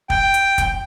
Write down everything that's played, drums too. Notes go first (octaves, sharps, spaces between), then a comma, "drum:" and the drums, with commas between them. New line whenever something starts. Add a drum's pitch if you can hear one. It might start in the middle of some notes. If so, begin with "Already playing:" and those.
G5, drum: kick
drum: hi-hat
drum: kick, hi-hat